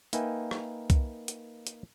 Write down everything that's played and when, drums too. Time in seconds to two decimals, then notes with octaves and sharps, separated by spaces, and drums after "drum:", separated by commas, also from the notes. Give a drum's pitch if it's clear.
0.13 A#3 D#4 B4 E5 G5 G#5, drum: hi-hat
0.51 drum: rim click
0.90 drum: kick C2, hi-hat
1.28 drum: hi-hat
1.67 drum: hi-hat